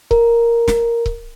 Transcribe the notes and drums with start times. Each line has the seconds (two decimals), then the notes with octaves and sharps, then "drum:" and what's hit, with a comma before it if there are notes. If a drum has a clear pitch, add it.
0.11 A#4, drum: kick C#1
0.68 drum: snare
1.06 drum: kick C#1